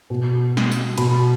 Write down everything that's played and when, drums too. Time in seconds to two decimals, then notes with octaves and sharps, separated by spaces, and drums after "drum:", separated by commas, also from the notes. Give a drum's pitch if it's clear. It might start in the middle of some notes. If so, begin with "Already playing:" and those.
0.10 B2
0.57 drum: snare
0.72 drum: tambourine
0.98 B2 B5, drum: cymbal